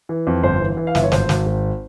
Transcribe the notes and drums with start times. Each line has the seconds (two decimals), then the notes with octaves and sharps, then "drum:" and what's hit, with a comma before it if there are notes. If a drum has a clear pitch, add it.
0.09 E3
0.27 F2
0.43 G1 C5
0.61 E3
0.77 E3
0.87 F5
0.95 G1 E5, drum: snare
1.03 C#5
1.12 G#1 C5, drum: snare
1.29 G#1, drum: snare
1.46 G#1